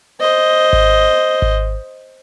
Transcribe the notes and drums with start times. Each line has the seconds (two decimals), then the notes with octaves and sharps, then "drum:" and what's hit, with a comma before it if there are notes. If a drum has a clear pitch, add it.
0.21 C5 D#5
0.73 drum: kick G#1
1.42 drum: kick G#1